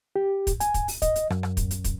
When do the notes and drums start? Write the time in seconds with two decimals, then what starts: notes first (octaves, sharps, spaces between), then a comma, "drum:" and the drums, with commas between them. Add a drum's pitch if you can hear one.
0.16 G4
0.47 drum: kick, hi-hat
0.60 G#5, drum: hi-hat
0.74 drum: kick, hi-hat
0.88 drum: open hi-hat
1.02 D#5, drum: kick, hi-hat
1.16 drum: hi-hat
1.30 F#2, drum: rim click
1.43 drum: rim click
1.57 drum: kick, hi-hat
1.71 drum: hi-hat
1.84 drum: kick, hi-hat